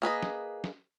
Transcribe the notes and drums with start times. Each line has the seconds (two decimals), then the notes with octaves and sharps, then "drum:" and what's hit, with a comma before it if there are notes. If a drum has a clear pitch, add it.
0.02 A#3 G#4 B4 D#5
0.23 drum: snare
0.64 drum: snare